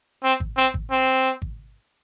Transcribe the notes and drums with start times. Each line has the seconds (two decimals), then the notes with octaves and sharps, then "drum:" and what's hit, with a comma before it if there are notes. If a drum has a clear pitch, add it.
0.24 C4
0.40 drum: kick G#1
0.57 C4
0.74 drum: kick G#1
0.91 C4
1.42 drum: kick G#1